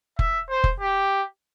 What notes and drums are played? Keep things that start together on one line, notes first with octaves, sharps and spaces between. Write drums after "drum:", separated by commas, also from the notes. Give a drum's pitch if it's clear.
E5, drum: kick F1
C5
drum: kick F1
G4